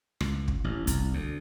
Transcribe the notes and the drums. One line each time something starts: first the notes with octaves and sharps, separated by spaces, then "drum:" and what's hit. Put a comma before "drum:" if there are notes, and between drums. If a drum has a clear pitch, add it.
C#2, drum: rim click
drum: kick
A1
C2, drum: kick, hi-hat
D2